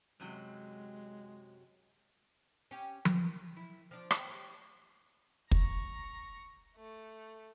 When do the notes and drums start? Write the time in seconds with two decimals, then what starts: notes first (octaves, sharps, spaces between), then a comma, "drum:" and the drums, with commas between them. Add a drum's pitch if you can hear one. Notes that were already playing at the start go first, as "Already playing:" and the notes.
0.20 F#2 C3 F#3 G#3
2.71 C#4 G4
3.05 A#3, drum: tom F3
3.57 E4
3.91 F3 D4
4.11 G3, drum: rim click
4.28 G3 C#5
5.51 A#5 C#6, drum: kick
6.76 A3